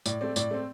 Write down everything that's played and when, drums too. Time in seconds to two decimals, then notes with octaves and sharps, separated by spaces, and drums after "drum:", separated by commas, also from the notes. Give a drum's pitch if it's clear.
0.06 A2 D5, drum: tambourine
0.21 A3 C4 D5
0.36 A2 D5, drum: tambourine
0.51 A3 C4